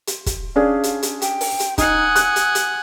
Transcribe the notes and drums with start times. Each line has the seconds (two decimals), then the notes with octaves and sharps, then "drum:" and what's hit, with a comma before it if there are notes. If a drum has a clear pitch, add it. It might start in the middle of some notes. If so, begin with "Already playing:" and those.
0.07 drum: hi-hat
0.26 drum: kick, hi-hat
0.56 C#4 D4 G#4 F5
0.83 drum: hi-hat
1.03 drum: hi-hat
1.22 G5, drum: hi-hat
1.41 drum: open hi-hat
1.60 drum: hi-hat
1.78 D#4 F#5 G#5 D#6, drum: kick, hi-hat
2.16 F#6, drum: hi-hat
2.36 drum: hi-hat
2.55 drum: hi-hat